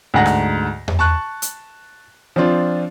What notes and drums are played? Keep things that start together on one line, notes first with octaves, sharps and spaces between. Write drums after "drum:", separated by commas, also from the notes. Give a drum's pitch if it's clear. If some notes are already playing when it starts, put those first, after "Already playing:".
D2 G#2 F#5 A#6
drum: rim click
drum: tom E2
A5 C#6 F#6
drum: hi-hat
F3 C4 D4 F4